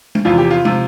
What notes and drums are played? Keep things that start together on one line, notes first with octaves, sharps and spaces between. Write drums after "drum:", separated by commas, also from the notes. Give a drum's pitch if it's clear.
drum: tom
E2 C3 F3 F4
G4
F4
C3 F3, drum: tom